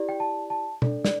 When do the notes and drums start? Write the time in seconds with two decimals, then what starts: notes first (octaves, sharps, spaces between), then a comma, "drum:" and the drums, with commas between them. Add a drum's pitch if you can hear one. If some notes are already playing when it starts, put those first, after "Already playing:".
Already playing: E4 G4 D5
0.09 G5
0.20 A5
0.50 A5
0.82 D4 A4 D5, drum: tom B2
1.05 D5, drum: snare